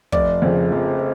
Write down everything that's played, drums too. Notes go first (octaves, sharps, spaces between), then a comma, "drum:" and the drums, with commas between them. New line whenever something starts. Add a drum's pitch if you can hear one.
F1 D5, drum: kick
F2 C#3
F1